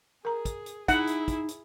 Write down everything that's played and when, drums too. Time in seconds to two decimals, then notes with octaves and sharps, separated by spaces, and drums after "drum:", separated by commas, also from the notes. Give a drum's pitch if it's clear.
0.25 G#4 A#4 A#5
0.45 drum: kick, hi-hat
0.66 drum: hi-hat
0.88 D#4 E4 G#4 E5 F#5, drum: kick, hi-hat
1.07 drum: hi-hat
1.28 drum: kick, hi-hat
1.48 drum: hi-hat